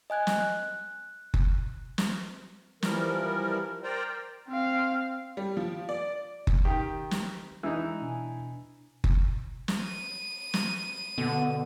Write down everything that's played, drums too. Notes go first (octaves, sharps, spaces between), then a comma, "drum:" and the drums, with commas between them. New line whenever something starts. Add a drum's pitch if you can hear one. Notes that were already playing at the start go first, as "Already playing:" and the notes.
D#5 G#5 F#6 G#6
drum: snare
F#6
drum: kick F#1
drum: snare
E3 F3 G3 A#4, drum: snare
A#4 C5 D5 G5 A#5
C4 F5
G3
F3
D5
drum: kick F#1
D#3 G4
drum: snare
E3 G#3 D4 D#4 E6
B2 D4 G#5
drum: kick F#1
drum: snare
D#7
drum: snare
B2 D3